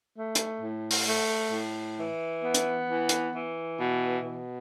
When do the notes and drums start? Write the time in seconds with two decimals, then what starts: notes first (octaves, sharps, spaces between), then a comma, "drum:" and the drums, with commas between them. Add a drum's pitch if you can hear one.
0.16 A3
0.35 drum: hi-hat
0.61 A2
0.91 drum: open hi-hat
1.07 A3
1.52 A2
1.97 E3
2.43 B3
2.55 drum: hi-hat
2.88 E3
3.09 drum: hi-hat
3.33 E3
3.78 B2
4.24 B2